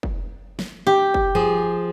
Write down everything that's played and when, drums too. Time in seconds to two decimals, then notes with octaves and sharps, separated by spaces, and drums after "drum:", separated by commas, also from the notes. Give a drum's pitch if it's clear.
0.03 drum: kick
0.59 drum: snare
0.87 G4
1.14 drum: kick
1.35 F3 G#4